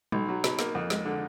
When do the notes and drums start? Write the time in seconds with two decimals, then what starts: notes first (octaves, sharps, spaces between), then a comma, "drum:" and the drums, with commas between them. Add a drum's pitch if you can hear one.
0.12 B1, drum: tom G3
0.29 F#3
0.44 B2, drum: snare
0.59 A#3, drum: snare
0.75 F2
0.90 G#3, drum: snare
1.05 D3